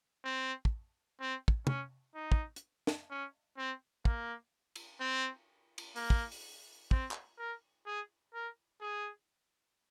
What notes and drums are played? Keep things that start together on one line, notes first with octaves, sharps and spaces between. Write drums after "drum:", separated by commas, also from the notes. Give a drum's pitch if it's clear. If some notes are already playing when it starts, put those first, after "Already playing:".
C4
drum: kick
C4
drum: kick
C#4, drum: tom
D#4
drum: kick
drum: hi-hat
drum: snare
C#4
C4
A#3, drum: kick
drum: cymbal
C4
drum: cymbal
A#3, drum: open hi-hat
drum: kick
drum: open hi-hat
C4, drum: kick
drum: clap
A#4
G#4
A#4
G#4